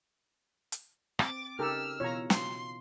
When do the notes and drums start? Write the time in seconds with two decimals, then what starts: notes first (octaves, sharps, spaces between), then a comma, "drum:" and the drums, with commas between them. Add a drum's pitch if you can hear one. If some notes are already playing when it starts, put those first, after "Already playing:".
0.72 drum: hi-hat
1.19 C4 D6 A6, drum: rim click
1.59 C#3 D#4 G4 A4 A#4 E6 F6
2.00 B2 E3 F4 C#5 A#5
2.30 C6, drum: snare